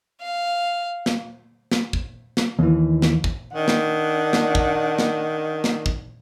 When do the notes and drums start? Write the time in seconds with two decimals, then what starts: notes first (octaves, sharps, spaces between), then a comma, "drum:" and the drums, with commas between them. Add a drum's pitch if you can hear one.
0.21 F5
1.06 drum: snare
1.72 drum: snare
1.93 drum: kick
2.37 drum: snare
2.59 D#2 E3
3.02 drum: snare
3.24 drum: kick
3.53 D#3 D4 F#5
3.68 drum: snare
4.33 drum: snare
4.55 drum: kick
4.99 drum: snare
5.64 drum: snare
5.86 drum: kick